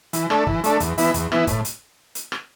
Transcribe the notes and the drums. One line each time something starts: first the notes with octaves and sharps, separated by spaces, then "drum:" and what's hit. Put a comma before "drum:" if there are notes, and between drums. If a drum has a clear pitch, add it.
E3, drum: hi-hat
A3 D4 A4, drum: rim click
E3, drum: kick
A3 D4 A4, drum: hi-hat
E2, drum: hi-hat
E3 B3 E4, drum: open hi-hat
E2, drum: hi-hat
E3 B3 E4, drum: rim click
A2, drum: kick, hi-hat
drum: hi-hat
drum: hi-hat
drum: rim click